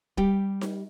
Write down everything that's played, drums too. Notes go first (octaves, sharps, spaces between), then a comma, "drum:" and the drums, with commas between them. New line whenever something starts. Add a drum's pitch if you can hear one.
G3 G4, drum: kick
drum: snare D#4